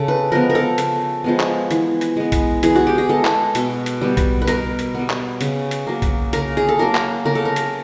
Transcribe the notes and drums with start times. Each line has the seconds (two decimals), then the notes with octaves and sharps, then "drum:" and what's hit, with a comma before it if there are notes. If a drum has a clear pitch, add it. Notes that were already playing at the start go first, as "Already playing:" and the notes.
Already playing: C#3 A4
0.08 B4
0.32 F3 G#3 B3 A#4
0.50 A#4
0.55 A4
0.78 C#3, drum: hi-hat
1.24 F3 G#3 B3
1.40 drum: clap
1.71 E3, drum: hi-hat
2.01 drum: hi-hat
2.17 G#3 B3
2.32 drum: kick B1, hi-hat
2.63 E3 G#4, drum: hi-hat
2.75 F#4
2.87 G4
2.98 G#4
3.09 G#3 B3 A4
3.25 drum: clap
3.55 B2, drum: hi-hat
3.86 drum: hi-hat
4.01 G3 B3
4.17 drum: kick B1, hi-hat
4.42 B4
4.47 B2 A#4, drum: hi-hat
4.79 drum: hi-hat
4.95 G3 B3
5.10 drum: clap
5.41 C#3, drum: hi-hat
5.71 drum: hi-hat
5.87 F#3 A#3
6.02 drum: kick B1, hi-hat
6.33 C#3 A#4, drum: hi-hat
6.57 G#4
6.69 A4
6.79 F#3 A#3 A#4
6.95 drum: clap
7.25 C#3 A#4
7.35 A4
7.45 A#4
7.56 drum: hi-hat